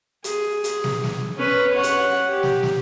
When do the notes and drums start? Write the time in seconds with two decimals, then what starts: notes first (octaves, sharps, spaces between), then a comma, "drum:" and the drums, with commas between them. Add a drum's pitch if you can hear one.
0.24 G#4, drum: hi-hat
0.64 drum: hi-hat
0.84 drum: snare
1.04 drum: snare
1.37 C#4 B4
1.72 C#5 F#5
1.83 drum: hi-hat
2.28 G4
2.43 drum: snare
2.63 drum: snare